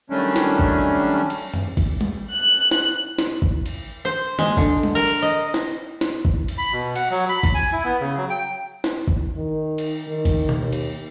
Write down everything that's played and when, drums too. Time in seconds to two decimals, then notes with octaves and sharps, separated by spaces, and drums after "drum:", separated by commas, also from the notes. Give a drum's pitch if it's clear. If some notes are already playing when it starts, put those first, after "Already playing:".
0.10 D#3 F#3 G3 A3 C#4 D4
0.36 drum: snare
0.59 drum: kick G#1
1.30 drum: cymbal
1.54 drum: tom F#2
1.77 drum: kick G#1, cymbal
2.01 drum: tom G3
2.32 F#6
2.71 drum: snare
3.19 drum: snare
3.42 drum: kick G#1
3.66 drum: cymbal
4.05 C5
4.39 G#3, drum: tom
4.57 D3, drum: kick G#1, cymbal
4.83 drum: tom G3
4.95 A#4
5.07 drum: cymbal
5.22 D#5
5.54 drum: snare
6.01 drum: snare
6.25 drum: kick G#1
6.48 drum: cymbal
6.58 B5
6.73 B2
6.96 F#5, drum: cymbal
7.11 F#3
7.29 B5
7.43 B5, drum: kick G#1, cymbal
7.54 G#5
7.72 E4
7.85 B3
8.01 C#3
8.17 F#3
8.30 G5
8.84 drum: snare
9.08 drum: kick G#1
9.37 D#3
9.78 drum: cymbal
10.08 D#3
10.25 drum: kick G#1, cymbal
10.49 drum: tom B2
10.59 D#2
10.72 drum: cymbal